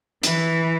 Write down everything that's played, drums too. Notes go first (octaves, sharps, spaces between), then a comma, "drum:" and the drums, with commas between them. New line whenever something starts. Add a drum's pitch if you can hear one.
E3, drum: hi-hat